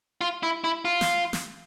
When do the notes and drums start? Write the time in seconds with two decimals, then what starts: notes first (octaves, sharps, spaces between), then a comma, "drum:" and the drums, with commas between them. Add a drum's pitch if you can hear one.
0.21 F4
0.43 E4
0.64 E4
0.85 F4
1.01 drum: snare
1.33 drum: snare